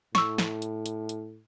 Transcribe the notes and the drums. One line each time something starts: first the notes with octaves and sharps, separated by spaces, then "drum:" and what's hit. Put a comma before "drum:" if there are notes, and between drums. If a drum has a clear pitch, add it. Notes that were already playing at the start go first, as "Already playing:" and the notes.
A2 C#6 E6, drum: snare
drum: snare
drum: hi-hat
drum: hi-hat
drum: hi-hat